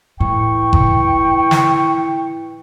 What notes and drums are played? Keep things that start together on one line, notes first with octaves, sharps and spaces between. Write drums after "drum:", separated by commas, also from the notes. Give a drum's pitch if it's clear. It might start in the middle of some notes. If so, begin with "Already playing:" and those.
A2 E3 G5 C#6
drum: kick F#1
drum: snare